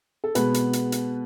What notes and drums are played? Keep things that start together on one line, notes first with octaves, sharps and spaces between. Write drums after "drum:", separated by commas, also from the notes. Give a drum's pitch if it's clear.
A4
B2 G#3 B3 B4, drum: hi-hat
drum: hi-hat
drum: hi-hat
drum: hi-hat